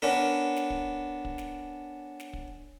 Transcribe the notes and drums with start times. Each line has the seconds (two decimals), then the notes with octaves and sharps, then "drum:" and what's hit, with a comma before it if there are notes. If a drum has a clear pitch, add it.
0.02 B3 C#4 D4 A#4
0.57 drum: snare
0.70 drum: kick
1.25 drum: kick
1.38 drum: snare
2.20 drum: snare
2.33 drum: kick